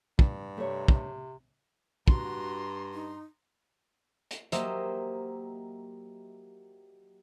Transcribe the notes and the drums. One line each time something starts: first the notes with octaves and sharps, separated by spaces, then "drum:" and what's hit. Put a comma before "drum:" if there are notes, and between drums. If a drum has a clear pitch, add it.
G2, drum: kick
C3 A3 C#5
drum: kick
G2 F#4 A#5 C6, drum: kick
D#4
drum: hi-hat
F#3 A#3 G4 C5 D#5 E5, drum: hi-hat